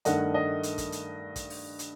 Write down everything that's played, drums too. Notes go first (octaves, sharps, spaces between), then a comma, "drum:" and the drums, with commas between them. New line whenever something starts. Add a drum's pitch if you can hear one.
G2 D#3 A3 D#5 F#5, drum: hi-hat
D#5
drum: hi-hat
drum: kick, hi-hat
drum: hi-hat
drum: kick, hi-hat
drum: open hi-hat
drum: hi-hat